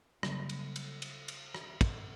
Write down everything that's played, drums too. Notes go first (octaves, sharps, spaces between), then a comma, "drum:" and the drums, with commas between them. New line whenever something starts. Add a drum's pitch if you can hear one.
C#3 F#3 G3 A#3, drum: rim click
drum: cymbal
drum: cymbal
drum: cymbal
drum: cymbal
drum: rim click
drum: kick, cymbal